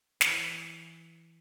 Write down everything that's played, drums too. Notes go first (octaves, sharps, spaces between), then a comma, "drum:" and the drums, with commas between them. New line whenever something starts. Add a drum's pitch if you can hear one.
E3, drum: snare